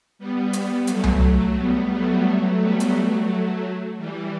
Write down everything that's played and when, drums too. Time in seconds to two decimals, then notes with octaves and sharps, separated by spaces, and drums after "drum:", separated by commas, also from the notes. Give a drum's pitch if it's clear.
0.19 G3 B3
0.53 G3 B3, drum: hi-hat
0.87 F#3 A3, drum: hi-hat
1.04 drum: tom C2
1.22 F#3 A3
1.56 G3 B3
1.91 F#3 A3
2.25 F#3 A3
2.59 G3 B3
2.80 drum: hi-hat
2.94 F#3 A3
3.97 E3 G3